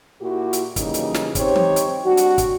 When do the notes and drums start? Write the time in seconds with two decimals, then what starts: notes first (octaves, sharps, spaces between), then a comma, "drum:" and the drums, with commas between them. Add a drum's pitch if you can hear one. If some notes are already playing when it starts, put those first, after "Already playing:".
0.21 A#2 E4 F#4 G4
0.53 drum: hi-hat
0.76 C#3 E3 F#3 G3 A#3 D#4, drum: kick, hi-hat
0.94 drum: hi-hat
1.14 drum: snare
1.35 C4 D#4 G4 C5 C#5, drum: kick, hi-hat
1.56 drum: tom
1.76 drum: hi-hat
2.05 G3 C4 D4 F#4
2.17 drum: hi-hat
2.38 drum: kick, hi-hat